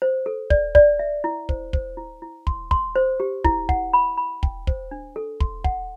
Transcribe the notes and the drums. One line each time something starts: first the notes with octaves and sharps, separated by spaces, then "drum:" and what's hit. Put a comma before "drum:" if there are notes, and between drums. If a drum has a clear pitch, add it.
C5
A4
D5, drum: kick
D5, drum: kick
E5
E4
C5, drum: kick
C5, drum: kick
E4
E4
C6, drum: kick
C6, drum: kick
C5
G4
E4, drum: kick
F#5, drum: kick
B5
B5
G5, drum: kick
C5, drum: kick
D4
A4
C6, drum: kick
F#5, drum: kick